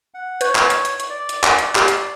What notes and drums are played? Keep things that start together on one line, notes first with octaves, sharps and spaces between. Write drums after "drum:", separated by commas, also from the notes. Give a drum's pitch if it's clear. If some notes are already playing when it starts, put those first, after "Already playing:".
F#5
B4 C#5 G6, drum: hi-hat
drum: clap
drum: hi-hat
drum: hi-hat
drum: hi-hat
D5
drum: hi-hat
drum: clap
drum: hi-hat
G4 C7, drum: clap
drum: hi-hat